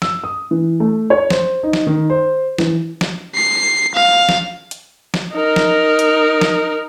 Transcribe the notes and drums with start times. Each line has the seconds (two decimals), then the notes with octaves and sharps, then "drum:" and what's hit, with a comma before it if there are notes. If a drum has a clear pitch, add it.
0.02 E6, drum: snare
0.24 D#6
0.51 E3
0.80 A3
1.10 C#5
1.30 C5, drum: snare
1.63 D#4
1.73 drum: snare
1.87 D#3
2.10 C5
2.58 E3, drum: snare
3.01 drum: snare
3.35 C7
3.95 F5
4.29 drum: snare
4.71 drum: hi-hat
5.14 drum: snare
5.33 D#4 A#4
5.56 drum: snare
5.99 drum: hi-hat
6.41 drum: snare